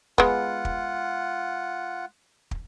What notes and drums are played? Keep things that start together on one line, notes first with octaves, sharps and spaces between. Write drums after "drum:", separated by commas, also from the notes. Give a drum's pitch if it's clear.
G#3 B3 F4 F#5, drum: kick
drum: kick
drum: kick